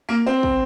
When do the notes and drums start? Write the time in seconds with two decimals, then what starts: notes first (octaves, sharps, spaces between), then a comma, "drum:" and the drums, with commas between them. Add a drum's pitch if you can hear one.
0.09 A#3
0.26 C4
0.43 drum: kick